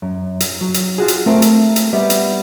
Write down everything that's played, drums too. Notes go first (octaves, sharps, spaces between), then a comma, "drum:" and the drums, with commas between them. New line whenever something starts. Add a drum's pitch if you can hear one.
F#2
drum: hi-hat
F#3
drum: hi-hat
F4 F#4 G#4
drum: hi-hat
A3 C4 A#4
drum: hi-hat
drum: hi-hat
G3 B3 E5
drum: hi-hat